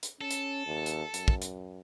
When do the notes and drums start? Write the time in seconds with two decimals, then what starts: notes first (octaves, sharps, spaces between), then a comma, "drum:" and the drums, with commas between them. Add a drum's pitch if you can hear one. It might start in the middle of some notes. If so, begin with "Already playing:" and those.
0.03 drum: hi-hat
0.21 C#4 A4
0.31 drum: hi-hat
0.67 D#2
0.86 drum: hi-hat
1.14 F#2, drum: hi-hat
1.28 drum: kick
1.42 drum: hi-hat